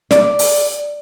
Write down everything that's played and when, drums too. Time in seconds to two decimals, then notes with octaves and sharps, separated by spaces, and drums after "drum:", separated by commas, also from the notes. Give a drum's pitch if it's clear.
0.11 D5, drum: snare
0.39 drum: open hi-hat